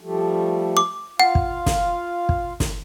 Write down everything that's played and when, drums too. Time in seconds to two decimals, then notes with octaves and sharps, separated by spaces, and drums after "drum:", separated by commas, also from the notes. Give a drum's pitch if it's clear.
0.01 F3 G3 A3
0.77 D6
1.20 F4 F5 F#5
1.35 drum: kick
1.66 drum: snare
2.29 drum: kick
2.60 drum: snare